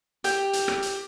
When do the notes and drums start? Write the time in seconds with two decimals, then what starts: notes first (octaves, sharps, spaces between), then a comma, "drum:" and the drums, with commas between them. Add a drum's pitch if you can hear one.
0.24 G4 G5, drum: hi-hat
0.53 drum: hi-hat
0.68 drum: rim click
0.82 drum: hi-hat